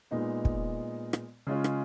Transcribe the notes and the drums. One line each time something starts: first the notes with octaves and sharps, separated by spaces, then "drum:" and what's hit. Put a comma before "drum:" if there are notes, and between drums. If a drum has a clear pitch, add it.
A#2 G#3 B3 D#4
drum: kick
drum: rim click
C#3 G#3 C#4 F4
drum: rim click